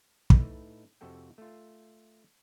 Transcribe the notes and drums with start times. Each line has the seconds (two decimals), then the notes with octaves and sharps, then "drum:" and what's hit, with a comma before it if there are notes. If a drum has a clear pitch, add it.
0.30 A2 A3 D#4 B4, drum: kick
1.01 F2 C3 F#4 A4 G5
1.38 A3 F4